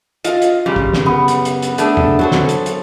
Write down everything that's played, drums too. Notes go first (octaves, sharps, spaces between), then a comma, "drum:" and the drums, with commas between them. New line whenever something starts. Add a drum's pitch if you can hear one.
F4 D#5, drum: hi-hat
drum: hi-hat
F#2 C#3 G3
drum: kick
drum: snare
B3
drum: hi-hat
drum: hi-hat
drum: hi-hat
A3 D4 G#4, drum: hi-hat
drum: tom
F#3 A4 C5
drum: snare
drum: hi-hat
drum: hi-hat